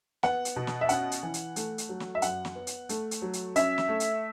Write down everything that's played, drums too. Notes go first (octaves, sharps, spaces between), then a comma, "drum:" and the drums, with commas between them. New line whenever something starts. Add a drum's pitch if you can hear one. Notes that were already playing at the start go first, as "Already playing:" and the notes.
B3 F#5, drum: snare
drum: hi-hat
B2
drum: snare
E5
C#4 F#5, drum: hi-hat
drum: hi-hat
E3
drum: hi-hat
A3, drum: hi-hat
drum: hi-hat
F#3
drum: snare
E5
F#2 F#5, drum: hi-hat
drum: snare
B3
drum: hi-hat
A3, drum: hi-hat
drum: hi-hat
F#3
drum: hi-hat
C#4 E5, drum: hi-hat
drum: snare
A3
drum: hi-hat